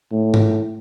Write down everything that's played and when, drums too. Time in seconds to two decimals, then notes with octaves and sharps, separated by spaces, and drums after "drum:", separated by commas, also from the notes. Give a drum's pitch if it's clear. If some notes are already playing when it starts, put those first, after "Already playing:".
0.12 A2
0.34 drum: tom G#2